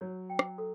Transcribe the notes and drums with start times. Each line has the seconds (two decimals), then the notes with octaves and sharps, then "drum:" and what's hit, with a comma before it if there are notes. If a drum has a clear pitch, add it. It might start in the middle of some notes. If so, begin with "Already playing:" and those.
0.01 F#3 C#5
0.30 G5
0.39 drum: rim click
0.58 A4